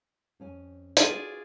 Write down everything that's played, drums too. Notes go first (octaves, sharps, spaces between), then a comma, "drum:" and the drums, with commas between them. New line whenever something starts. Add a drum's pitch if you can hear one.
F2 C#4 G#5
F4 G#4 A4 C5 D5 D#5, drum: hi-hat
F#4 B4 E5